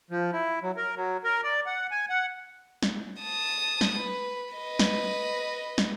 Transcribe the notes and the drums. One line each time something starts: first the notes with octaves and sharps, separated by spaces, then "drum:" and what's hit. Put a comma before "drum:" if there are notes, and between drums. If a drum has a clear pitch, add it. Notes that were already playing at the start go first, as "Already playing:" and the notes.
F3
E4
F#3
A#4
F#3
A#4
D5
F#5
G#5
F#5
drum: snare
A5 D#6
drum: snare
B4
B4 D#5
drum: snare
drum: snare